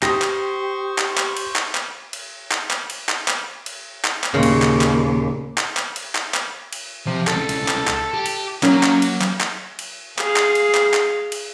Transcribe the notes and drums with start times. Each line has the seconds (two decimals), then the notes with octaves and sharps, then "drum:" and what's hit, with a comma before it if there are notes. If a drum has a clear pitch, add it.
0.03 G4 C5 C6 C#6 D#6 A#6, drum: clap
0.22 drum: clap
0.98 drum: clap
1.17 drum: clap
1.37 drum: cymbal
1.56 drum: clap
1.75 drum: clap
2.13 drum: cymbal
2.51 drum: clap
2.71 drum: clap
2.90 drum: cymbal
3.09 drum: clap
3.28 drum: clap
3.66 drum: cymbal
4.05 drum: clap
4.24 drum: clap
4.34 D#2 A#2 C#3
4.43 drum: cymbal
4.62 drum: clap
4.81 drum: clap
5.58 drum: clap
5.77 drum: clap
5.96 drum: cymbal
6.15 drum: clap
6.34 drum: clap
6.73 drum: cymbal
7.07 C3 F3
7.27 C2 C#3 A4, drum: clap
7.49 drum: cymbal
7.68 drum: clap
7.87 drum: clap
8.14 G4
8.26 drum: cymbal
8.63 F#3 A#3 C#4, drum: clap
8.83 drum: clap
9.02 drum: cymbal
9.21 drum: clap
9.41 drum: clap
9.79 drum: cymbal
10.19 G#4 F5, drum: clap
10.36 drum: clap
10.55 drum: cymbal
10.75 drum: clap
10.94 drum: clap
11.32 drum: cymbal